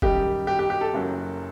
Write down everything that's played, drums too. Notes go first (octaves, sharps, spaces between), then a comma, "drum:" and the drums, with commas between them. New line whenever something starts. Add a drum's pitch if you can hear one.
F#2 D#3 G3 D#4 G4, drum: kick
G4
G4
G4
A4
F#1 F#2 F#3